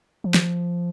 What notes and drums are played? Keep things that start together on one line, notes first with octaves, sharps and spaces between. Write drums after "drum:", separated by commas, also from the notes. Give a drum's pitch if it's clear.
F3
drum: snare